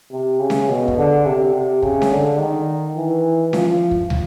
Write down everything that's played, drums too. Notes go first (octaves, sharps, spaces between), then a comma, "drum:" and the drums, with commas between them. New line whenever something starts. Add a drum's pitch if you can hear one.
C3
C#3
drum: snare C#4
B2
drum: kick
D3
C3
C3
C#3, drum: kick
drum: snare C#4
D3
D#3
E3
F3, drum: snare C#4
drum: kick
drum: tom